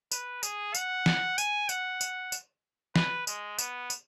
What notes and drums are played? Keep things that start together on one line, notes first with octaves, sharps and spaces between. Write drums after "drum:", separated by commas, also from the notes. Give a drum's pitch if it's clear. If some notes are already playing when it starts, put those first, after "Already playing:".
B4, drum: tambourine
G#4, drum: tambourine
F#5, drum: tambourine
drum: snare
G#5, drum: tambourine
F#5, drum: tambourine
drum: tambourine
drum: tambourine
B4, drum: snare
G#3, drum: tambourine
B3, drum: tambourine
drum: tambourine